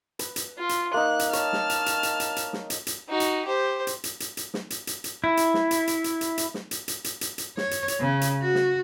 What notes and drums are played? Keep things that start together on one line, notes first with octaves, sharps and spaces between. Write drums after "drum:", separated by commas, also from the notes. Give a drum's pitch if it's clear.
B4, drum: hi-hat
drum: hi-hat
F4
drum: hi-hat
A#3 D#4 F#6
drum: hi-hat
C#5 A5 F6, drum: hi-hat
drum: snare
drum: hi-hat
drum: hi-hat
drum: hi-hat
drum: hi-hat
drum: hi-hat
drum: snare
drum: hi-hat
drum: hi-hat
D#4 F#4
drum: hi-hat
G4 C5
drum: hi-hat
drum: hi-hat
drum: hi-hat
drum: hi-hat
drum: snare
drum: hi-hat
drum: hi-hat
drum: hi-hat
E4
drum: hi-hat
drum: snare
drum: hi-hat
drum: hi-hat
drum: hi-hat
drum: hi-hat
drum: hi-hat
drum: snare
drum: hi-hat
drum: hi-hat
drum: hi-hat
drum: hi-hat
drum: hi-hat
C#5, drum: snare
drum: hi-hat
drum: hi-hat
C#3
drum: hi-hat
F#4
drum: snare